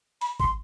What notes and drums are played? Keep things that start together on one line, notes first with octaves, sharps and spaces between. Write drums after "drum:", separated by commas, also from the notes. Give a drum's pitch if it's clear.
B5, drum: open hi-hat
C6, drum: kick G#1